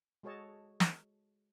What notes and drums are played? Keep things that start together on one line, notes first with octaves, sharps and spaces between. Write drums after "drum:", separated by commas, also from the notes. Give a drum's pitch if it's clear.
G#3 F#4 A4 C#5 D#5 A5
drum: snare